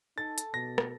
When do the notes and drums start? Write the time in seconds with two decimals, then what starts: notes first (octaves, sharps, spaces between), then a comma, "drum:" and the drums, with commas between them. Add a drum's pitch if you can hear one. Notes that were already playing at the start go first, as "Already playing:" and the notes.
0.18 D#4 A4 A6
0.38 drum: hi-hat
0.54 B2 A#6
0.78 drum: rim click